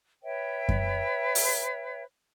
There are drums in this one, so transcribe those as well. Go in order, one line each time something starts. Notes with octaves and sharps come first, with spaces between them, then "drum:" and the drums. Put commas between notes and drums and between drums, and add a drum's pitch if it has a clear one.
B4 C#5 E5 G5
drum: kick F#2
drum: open hi-hat